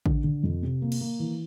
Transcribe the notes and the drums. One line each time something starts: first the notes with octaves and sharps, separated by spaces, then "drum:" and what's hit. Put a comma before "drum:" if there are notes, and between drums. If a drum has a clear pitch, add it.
D3, drum: kick A1
D3
F2
C3
A#3
drum: cymbal
A#3
E3